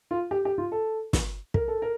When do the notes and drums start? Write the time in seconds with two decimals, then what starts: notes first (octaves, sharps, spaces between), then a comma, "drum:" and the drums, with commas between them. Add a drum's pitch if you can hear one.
0.11 F4
0.31 G4
0.45 G4
0.58 F4
0.72 A4
1.13 drum: snare
1.54 A#4, drum: kick
1.68 A4
1.82 A#4